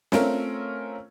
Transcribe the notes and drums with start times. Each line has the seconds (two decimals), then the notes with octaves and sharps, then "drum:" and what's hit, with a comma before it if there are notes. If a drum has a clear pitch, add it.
0.12 A3 C4 C#4 F4 A#4, drum: snare